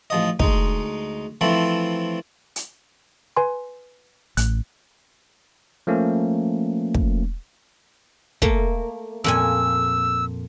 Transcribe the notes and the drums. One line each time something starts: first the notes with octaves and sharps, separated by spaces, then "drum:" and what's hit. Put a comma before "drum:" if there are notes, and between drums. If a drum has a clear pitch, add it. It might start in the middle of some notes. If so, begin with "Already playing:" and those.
A1 F3 D#5
D2 G#3 D#4, drum: kick
E3 F3 A3 C4 E4
drum: hi-hat
B4 G#5 C6
A1 F#6, drum: hi-hat
F3 A3 A#3 C#4
drum: kick
A3 A#3, drum: kick
F2 A#2 G#5 E6